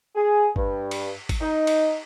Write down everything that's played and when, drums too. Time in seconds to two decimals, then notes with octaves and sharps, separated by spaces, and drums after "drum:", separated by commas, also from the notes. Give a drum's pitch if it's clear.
0.15 G#4
0.56 G2, drum: kick
0.91 drum: cymbal
1.29 drum: kick, cymbal
1.41 D#4
1.67 drum: cymbal